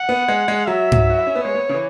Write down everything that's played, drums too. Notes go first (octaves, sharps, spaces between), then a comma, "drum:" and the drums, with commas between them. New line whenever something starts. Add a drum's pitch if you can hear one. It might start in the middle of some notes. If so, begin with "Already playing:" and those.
Already playing: F#5
B3
G#3
G#3
F#3 E5
drum: tom G#2
F#4
E4
C#4
B3
G#3 C#5
B3
C#3
E3